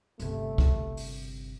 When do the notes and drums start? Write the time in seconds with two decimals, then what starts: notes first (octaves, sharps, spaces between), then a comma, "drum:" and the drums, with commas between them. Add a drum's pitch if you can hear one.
0.20 G1 C3 A3, drum: hi-hat
0.58 drum: kick
0.97 drum: open hi-hat